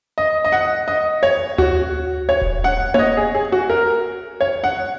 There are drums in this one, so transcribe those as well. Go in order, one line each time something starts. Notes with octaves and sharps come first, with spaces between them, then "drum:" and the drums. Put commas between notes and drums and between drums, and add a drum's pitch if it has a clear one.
D#5
D#5
F#5
D#5
C#5
F#4, drum: tom D2
C#5
drum: kick D#1
F#5
C#5, drum: tom A#3
D#5
G#4
G#4
F#4
A#4
C#5
F#5